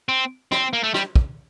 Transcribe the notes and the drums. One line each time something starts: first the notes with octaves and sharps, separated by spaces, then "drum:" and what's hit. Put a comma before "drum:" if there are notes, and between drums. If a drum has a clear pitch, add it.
C4
C4, drum: rim click
A#3
A3
G3, drum: rim click
drum: kick